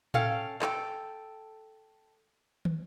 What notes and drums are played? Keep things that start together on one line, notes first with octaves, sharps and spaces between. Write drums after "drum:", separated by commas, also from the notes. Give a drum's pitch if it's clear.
C#4 A4 F5 G5, drum: tom A2
A4 G5, drum: clap
drum: tom